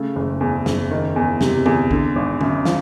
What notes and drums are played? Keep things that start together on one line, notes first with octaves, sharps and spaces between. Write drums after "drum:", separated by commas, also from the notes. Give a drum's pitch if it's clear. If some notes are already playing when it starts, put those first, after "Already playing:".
Already playing: C#3 A3
F#1
E2
F#1, drum: snare
D#3
E2
C3, drum: snare
E2, drum: tom
D3, drum: kick
G#1
F#2, drum: tom
F3, drum: snare